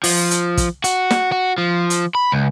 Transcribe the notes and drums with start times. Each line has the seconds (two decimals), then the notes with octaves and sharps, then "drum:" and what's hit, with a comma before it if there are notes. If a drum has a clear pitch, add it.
0.04 F3, drum: open hi-hat
0.31 drum: hi-hat
0.57 drum: kick, hi-hat
0.84 F#4, drum: hi-hat
1.10 drum: snare
1.32 F#4
1.58 F3
1.90 drum: hi-hat
2.15 B5
2.32 C#2